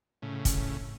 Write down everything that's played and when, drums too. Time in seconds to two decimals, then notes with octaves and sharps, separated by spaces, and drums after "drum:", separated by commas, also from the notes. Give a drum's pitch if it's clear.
0.22 A2 C#3
0.45 drum: kick, hi-hat